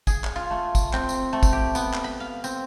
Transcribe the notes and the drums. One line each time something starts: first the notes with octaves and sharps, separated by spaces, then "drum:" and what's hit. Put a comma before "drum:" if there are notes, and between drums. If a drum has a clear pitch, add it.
G#4, drum: kick, tambourine
drum: clap
F4
A3
drum: kick, tambourine
C4, drum: clap
drum: tambourine
A3
drum: kick, tambourine
G4
B3, drum: tambourine
drum: clap
B5
F5
C4, drum: tambourine